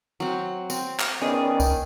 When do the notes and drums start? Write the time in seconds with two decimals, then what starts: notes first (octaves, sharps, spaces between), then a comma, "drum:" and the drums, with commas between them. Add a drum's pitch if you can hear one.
0.20 F#3 C4
0.70 C4, drum: tambourine
1.00 drum: clap
1.22 D#3 B3 C#4 G#4 D5
1.60 drum: kick C2, tambourine